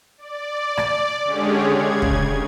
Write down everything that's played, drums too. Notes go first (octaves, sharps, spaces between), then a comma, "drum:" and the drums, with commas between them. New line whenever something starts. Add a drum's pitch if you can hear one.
D5
drum: rim click
D3 G#3 C#4 G4 G#4 C#5
C#3 G#6
drum: kick